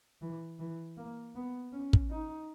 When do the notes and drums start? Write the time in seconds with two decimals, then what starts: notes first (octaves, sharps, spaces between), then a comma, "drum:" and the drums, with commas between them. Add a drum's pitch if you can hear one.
0.21 E3
0.59 E3
0.97 A#3
1.35 B3
1.73 C#4
1.93 drum: kick
2.10 D#4